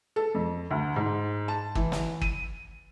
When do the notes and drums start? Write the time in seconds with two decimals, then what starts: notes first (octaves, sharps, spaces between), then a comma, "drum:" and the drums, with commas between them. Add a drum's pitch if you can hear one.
0.16 A4
0.35 F2
0.71 D2
0.96 G#2
1.48 A5
1.75 E3, drum: kick
1.92 drum: snare
2.22 D#7, drum: kick